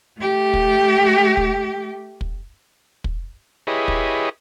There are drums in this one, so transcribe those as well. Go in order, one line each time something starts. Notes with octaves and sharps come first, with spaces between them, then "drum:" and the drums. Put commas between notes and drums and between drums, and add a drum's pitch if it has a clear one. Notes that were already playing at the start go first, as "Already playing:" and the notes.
A3 G4
drum: kick
drum: kick
drum: kick
drum: kick
E4 G4 G#4 B4 C#5 D#5
drum: kick